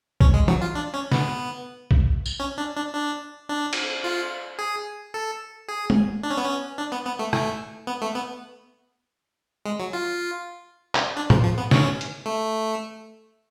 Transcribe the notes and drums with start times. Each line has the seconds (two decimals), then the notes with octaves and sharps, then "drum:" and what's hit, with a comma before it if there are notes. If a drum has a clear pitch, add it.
0.20 C#4, drum: kick B1
0.34 G#3
0.48 F#3, drum: tom E3
0.62 F4
0.75 D4
0.94 C#4
1.12 B3, drum: snare
1.91 drum: kick B1
2.26 drum: tambourine
2.40 C#4
2.58 D4
2.76 D4
2.95 D4
3.49 D4
3.73 drum: cymbal
4.04 F4
4.59 G#4
5.14 A4
5.68 G#4
5.90 drum: tom G#3
6.23 D4
6.30 C#4
6.37 B3
6.45 C#4
6.78 D4
6.92 B3
7.06 B3
7.19 A3
7.33 A3, drum: rim click
7.87 B3
8.02 A3
8.15 B3
9.66 G#3
9.80 F#3
9.93 F4
10.95 drum: clap
11.17 D4
11.30 F3, drum: tom A2
11.44 F3
11.58 B3
11.71 C#4, drum: snare
12.01 drum: hi-hat
12.26 A3